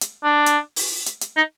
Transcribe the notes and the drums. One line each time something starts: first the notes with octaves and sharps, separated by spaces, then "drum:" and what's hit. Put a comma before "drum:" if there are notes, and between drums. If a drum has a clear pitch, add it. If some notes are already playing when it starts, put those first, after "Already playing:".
drum: hi-hat
D4
drum: hi-hat
drum: open hi-hat
drum: hi-hat
drum: hi-hat
D#4